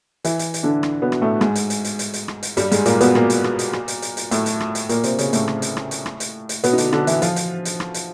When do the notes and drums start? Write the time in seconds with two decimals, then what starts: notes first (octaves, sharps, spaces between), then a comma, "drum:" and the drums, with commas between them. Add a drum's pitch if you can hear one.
0.25 E3 E4, drum: hi-hat
0.39 drum: hi-hat
0.54 drum: hi-hat
0.63 D3 D4
0.83 drum: rim click
1.02 B2 B3
1.12 drum: rim click
1.22 A2 A3
1.41 G#2 G#3, drum: rim click
1.55 drum: hi-hat
1.70 drum: hi-hat
1.85 drum: hi-hat
1.99 drum: hi-hat
2.14 drum: hi-hat
2.28 drum: rim click
2.43 drum: hi-hat
2.57 G2 G3, drum: hi-hat
2.72 G#2 G#3, drum: hi-hat
2.86 A#2 A#3, drum: hi-hat
3.01 B2 B3, drum: hi-hat
3.15 A#2 A#3, drum: rim click
3.30 drum: hi-hat
3.44 drum: rim click
3.59 drum: hi-hat
3.73 drum: rim click
3.88 drum: hi-hat
4.02 drum: hi-hat
4.17 drum: hi-hat
4.31 A2 A3, drum: hi-hat
4.46 drum: hi-hat
4.60 drum: rim click
4.75 drum: hi-hat
4.89 A#2 A#3, drum: hi-hat
5.04 C3 C4, drum: hi-hat
5.19 C#3 C#4, drum: hi-hat
5.33 A2 A3, drum: hi-hat
5.48 drum: rim click
5.62 drum: hi-hat
5.77 drum: rim click
5.91 drum: hi-hat
6.06 drum: rim click
6.20 drum: hi-hat
6.49 drum: hi-hat
6.64 B2 B3, drum: hi-hat
6.73 D#4
6.78 D3 D4, drum: hi-hat
6.93 D3 D4, drum: rim click
7.07 E3 E4, drum: hi-hat
7.22 F3 F4, drum: hi-hat
7.36 drum: hi-hat
7.65 drum: hi-hat
7.80 drum: rim click
7.94 drum: hi-hat